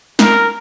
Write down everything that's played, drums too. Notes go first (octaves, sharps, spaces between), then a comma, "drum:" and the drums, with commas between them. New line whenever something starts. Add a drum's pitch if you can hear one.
A#4, drum: snare